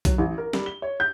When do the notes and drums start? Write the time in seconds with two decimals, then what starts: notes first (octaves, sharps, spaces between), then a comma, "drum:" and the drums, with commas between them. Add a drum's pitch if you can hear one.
0.05 F#3, drum: kick B1, hi-hat
0.18 A1
0.38 A#4
0.53 G3, drum: snare
0.66 G7
0.82 C#5
1.00 G6